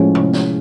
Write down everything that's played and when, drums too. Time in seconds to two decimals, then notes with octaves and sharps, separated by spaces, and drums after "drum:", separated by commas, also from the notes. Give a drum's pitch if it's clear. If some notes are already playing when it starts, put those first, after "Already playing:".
Already playing: A2 F3 G#3 C#4
0.15 drum: tom C3
0.33 drum: snare